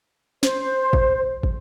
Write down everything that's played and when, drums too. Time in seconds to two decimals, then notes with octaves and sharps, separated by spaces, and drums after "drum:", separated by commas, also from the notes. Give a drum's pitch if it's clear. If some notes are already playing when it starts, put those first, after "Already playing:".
0.43 C5, drum: snare
0.93 drum: kick
1.43 drum: kick